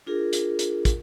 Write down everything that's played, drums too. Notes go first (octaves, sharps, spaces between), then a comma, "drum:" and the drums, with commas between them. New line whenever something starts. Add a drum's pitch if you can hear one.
D4 F4 G#4 A#4
drum: hi-hat
drum: hi-hat
drum: kick, hi-hat